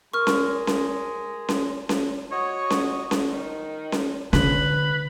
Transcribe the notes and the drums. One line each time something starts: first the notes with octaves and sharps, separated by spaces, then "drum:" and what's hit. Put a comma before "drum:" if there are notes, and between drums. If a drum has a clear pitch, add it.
G#3 A#4 C#6 F6
drum: snare C#4
drum: snare C#4
drum: snare C#4
drum: snare C#4
F#4 C#5 D#5
drum: snare C#4
drum: snare C#4
D#3
drum: snare C#4
D3 B4, drum: snare C#4